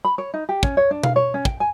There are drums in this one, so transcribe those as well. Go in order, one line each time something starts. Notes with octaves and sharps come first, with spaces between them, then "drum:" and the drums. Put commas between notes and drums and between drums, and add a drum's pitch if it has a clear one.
B5
C#5
D#4
G4
C#4, drum: kick
C#5
D4
F5, drum: tom B2
C#5
C#4
G5, drum: kick
G#5